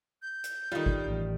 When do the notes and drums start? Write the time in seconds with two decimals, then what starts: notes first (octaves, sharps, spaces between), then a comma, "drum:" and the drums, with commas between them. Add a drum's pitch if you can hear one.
0.22 G6
0.44 drum: hi-hat
0.72 D#3 G3 D#4 F4
0.86 drum: kick
1.06 A1